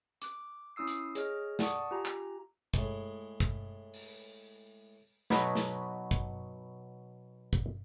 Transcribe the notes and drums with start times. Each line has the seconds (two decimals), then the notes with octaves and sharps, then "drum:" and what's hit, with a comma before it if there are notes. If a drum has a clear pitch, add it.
0.22 D6 F#6, drum: hi-hat
0.76 C#4 E4 D#6 E6 C7
0.87 drum: hi-hat
1.15 G#4 C#5 D#5 F6, drum: hi-hat
1.59 D5 F#5 A5 C#6 D#6, drum: snare
1.91 F4 G4 G#5 A#5
2.05 drum: clap
2.74 A2 G#3, drum: kick
3.40 drum: kick
3.94 drum: open hi-hat
5.30 B2 F#3 B3 D#4 B4 C#5, drum: snare
5.55 drum: snare
6.11 drum: kick
7.53 drum: kick